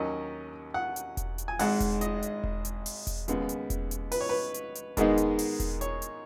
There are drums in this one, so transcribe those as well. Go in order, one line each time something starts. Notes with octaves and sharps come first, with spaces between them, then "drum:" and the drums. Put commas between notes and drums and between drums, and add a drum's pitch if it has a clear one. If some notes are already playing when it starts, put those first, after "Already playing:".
Already playing: D#2 D#3 F#3 C#4 D#5
F#5
drum: hi-hat
drum: kick E1, hi-hat
drum: hi-hat
G#5
G#1 G#2 G#3 F#5, drum: open hi-hat
drum: kick E1, hi-hat
D#5, drum: hi-hat
drum: hi-hat
drum: kick E1
drum: hi-hat
drum: open hi-hat
drum: kick E1, hi-hat
D#2 C#3 G#3 B3, drum: hi-hat
drum: hi-hat
drum: kick E1, hi-hat
drum: hi-hat
B4, drum: open hi-hat
C#5
B4
drum: hi-hat
drum: hi-hat
G#2 D#3 G#3 B3 D#4, drum: kick E1, hi-hat
drum: hi-hat
drum: open hi-hat
drum: kick E1, hi-hat
C#5, drum: hi-hat
drum: hi-hat